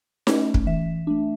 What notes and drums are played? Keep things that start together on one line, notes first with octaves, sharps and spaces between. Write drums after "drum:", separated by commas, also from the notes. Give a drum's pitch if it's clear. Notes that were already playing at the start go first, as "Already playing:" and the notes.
A3 C#4, drum: snare D#4
drum: kick
E3 E5
A3 D4